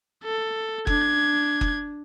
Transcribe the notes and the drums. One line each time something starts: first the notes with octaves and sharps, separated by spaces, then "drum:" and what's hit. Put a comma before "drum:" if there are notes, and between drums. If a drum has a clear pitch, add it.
A4
D4 G#6, drum: kick F#1
drum: kick F#1